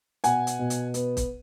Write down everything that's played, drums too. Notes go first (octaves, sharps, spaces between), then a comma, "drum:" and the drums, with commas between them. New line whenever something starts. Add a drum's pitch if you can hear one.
B2 F#5 G#5, drum: hi-hat
drum: hi-hat
B2
drum: hi-hat
B3, drum: hi-hat
drum: kick, hi-hat